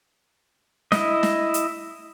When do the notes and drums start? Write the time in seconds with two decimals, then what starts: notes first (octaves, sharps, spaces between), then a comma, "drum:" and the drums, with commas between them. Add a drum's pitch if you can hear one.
0.92 E4 D#5, drum: snare
1.23 drum: snare
1.54 drum: hi-hat